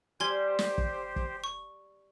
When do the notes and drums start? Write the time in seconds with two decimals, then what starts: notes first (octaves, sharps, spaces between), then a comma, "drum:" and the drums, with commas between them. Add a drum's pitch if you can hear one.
0.20 G3 G4 C5 G#5 C6 G#6
0.59 drum: snare
0.78 drum: kick
1.16 drum: kick
1.44 C#6